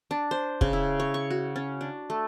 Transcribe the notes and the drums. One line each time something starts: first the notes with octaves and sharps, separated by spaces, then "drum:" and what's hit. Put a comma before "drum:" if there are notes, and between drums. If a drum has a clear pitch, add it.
D4
C5
C#3, drum: kick
E4
C#5
C#6
F#4
C#4
D4
A3